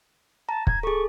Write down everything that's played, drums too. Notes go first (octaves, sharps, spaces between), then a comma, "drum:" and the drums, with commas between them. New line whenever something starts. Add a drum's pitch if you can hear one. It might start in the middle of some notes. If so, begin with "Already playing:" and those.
A5 A#5
G#6, drum: kick
G#4 A4 C#6